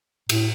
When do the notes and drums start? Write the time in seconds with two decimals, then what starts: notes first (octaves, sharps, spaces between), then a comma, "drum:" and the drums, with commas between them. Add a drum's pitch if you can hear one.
0.29 A2, drum: cymbal